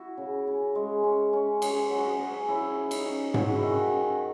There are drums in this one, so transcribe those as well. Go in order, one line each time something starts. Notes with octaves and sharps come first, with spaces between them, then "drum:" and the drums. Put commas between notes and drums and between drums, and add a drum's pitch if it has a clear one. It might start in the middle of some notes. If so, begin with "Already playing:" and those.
Already playing: E4 F#4
C#3
C#4
G#3
C#4
C#4
C#4 G#4, drum: cymbal
F#3
F#4
G#4
C#4
C#3 E4
C#4
D#4, drum: cymbal
C#4
F#3 G#4, drum: tom G#2
F#4
E4
D#3 F#4
C#4